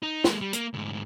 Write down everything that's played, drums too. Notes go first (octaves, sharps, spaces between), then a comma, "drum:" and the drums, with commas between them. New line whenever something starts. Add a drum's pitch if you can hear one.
D#4
G#3 A#3, drum: snare
G3
A#3, drum: hi-hat
D2 G#2